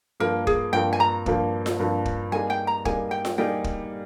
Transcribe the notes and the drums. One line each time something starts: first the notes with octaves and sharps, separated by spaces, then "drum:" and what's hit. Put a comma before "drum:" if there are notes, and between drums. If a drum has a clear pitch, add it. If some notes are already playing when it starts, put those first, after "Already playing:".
G2 F3 A#3 A#4
G#4, drum: kick
G2 F3 A#3 G5
G#5
A#5
G2 F3 A#3, drum: kick
drum: snare F4
G2 F3 A#3
drum: kick
G3 A#3 D#4 G#4 G#5
G5
A#5
G3 A#3 D#4 G#4 G#5, drum: kick
G5
drum: snare F4
G3 A#3 D#4 G#4 G5
drum: kick